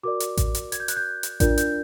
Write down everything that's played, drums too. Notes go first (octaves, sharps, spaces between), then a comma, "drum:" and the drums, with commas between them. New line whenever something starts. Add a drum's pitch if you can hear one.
F#4 A#4 D5 D6
drum: hi-hat
drum: kick A1, hi-hat
drum: hi-hat
G#6, drum: hi-hat
G6
F#6, drum: hi-hat
G6
drum: hi-hat
D4 F4 A#4 D5 G6, drum: kick A1, hi-hat
G6, drum: hi-hat